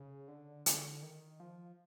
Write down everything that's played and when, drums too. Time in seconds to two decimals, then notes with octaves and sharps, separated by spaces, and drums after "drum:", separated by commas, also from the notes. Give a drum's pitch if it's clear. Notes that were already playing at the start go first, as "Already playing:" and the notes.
Already playing: C#3
0.28 D3
0.66 D3, drum: hi-hat
1.02 D#3
1.40 F3